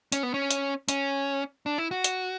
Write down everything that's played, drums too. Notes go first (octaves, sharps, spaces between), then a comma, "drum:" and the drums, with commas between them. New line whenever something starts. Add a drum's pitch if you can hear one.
C#4, drum: hi-hat
B3
C#4
drum: hi-hat
C#4, drum: hi-hat
D4
E4
F#4
drum: hi-hat